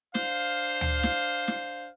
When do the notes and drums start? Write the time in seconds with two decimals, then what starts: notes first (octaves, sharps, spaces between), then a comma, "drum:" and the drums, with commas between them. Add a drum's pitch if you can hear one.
0.15 D4 C5 F5, drum: snare
0.81 drum: tom D2
1.03 drum: snare
1.48 drum: snare